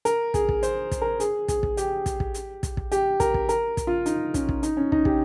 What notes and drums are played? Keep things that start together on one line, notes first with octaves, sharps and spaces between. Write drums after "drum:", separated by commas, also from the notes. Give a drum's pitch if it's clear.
A#4, drum: hi-hat
G#4, drum: kick, hi-hat
drum: kick
C5, drum: hi-hat
drum: kick, hi-hat
A#4
G#4, drum: hi-hat
G#4, drum: kick, hi-hat
drum: kick
G4, drum: hi-hat
drum: kick, hi-hat
drum: kick
drum: hi-hat
drum: kick, hi-hat
drum: kick
G4, drum: hi-hat
A#4, drum: kick, hi-hat
drum: kick
A#4, drum: hi-hat
drum: kick, hi-hat
F4
D#4, drum: hi-hat
C#4, drum: kick, hi-hat
drum: kick
D#4, drum: hi-hat
C#4
D#4, drum: kick
G4, drum: kick